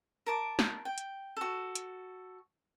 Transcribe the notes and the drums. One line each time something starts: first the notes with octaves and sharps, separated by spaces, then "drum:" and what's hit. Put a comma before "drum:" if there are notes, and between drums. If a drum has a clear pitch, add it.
A#4 A5 D6
drum: snare
G5
drum: hi-hat
F#4 A4
drum: hi-hat